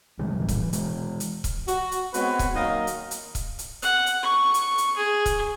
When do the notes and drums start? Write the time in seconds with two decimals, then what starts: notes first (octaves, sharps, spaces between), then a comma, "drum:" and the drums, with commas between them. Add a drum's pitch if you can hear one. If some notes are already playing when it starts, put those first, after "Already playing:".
0.19 C3 D#3 G3 G#3
0.38 G#1 A2 E3 G3
0.49 drum: kick, hi-hat
0.60 E3
0.73 E3 G#3, drum: hi-hat
1.20 drum: hi-hat
1.44 drum: kick, hi-hat
1.68 F#4, drum: hi-hat
1.92 drum: hi-hat
2.14 G#3 B3 C4 F#4 B4 C#5, drum: hi-hat
2.39 drum: kick, hi-hat
2.55 D#3 F#3 A#3 D#4 D#5 F5
2.87 drum: hi-hat
3.11 drum: hi-hat
3.35 drum: kick, hi-hat
3.59 drum: hi-hat
3.82 F#5, drum: hi-hat
4.06 drum: hi-hat
4.22 C#6
4.54 drum: hi-hat
4.78 drum: hi-hat
4.96 G#4
5.26 drum: kick, hi-hat